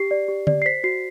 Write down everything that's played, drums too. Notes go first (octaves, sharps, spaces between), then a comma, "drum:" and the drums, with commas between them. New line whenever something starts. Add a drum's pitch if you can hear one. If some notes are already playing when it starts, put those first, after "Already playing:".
Already playing: G4 C7
D5
G4
D5, drum: tom D3
C7
C5 B6
F#4 C7